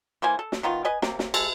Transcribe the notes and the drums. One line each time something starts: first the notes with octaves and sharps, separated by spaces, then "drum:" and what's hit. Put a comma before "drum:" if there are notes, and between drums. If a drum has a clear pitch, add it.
E3 A#3 C5 G#5
A4
drum: snare
D#3 B3 D#4 F4
B4 D#5 G#5
C3 A#3, drum: snare
drum: snare
G#3 A4, drum: cymbal